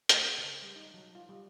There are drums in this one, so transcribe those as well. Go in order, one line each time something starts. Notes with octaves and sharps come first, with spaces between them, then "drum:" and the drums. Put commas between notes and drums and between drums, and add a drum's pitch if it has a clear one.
A3, drum: hi-hat
C#3
G3
D#4
F#3
F4
G3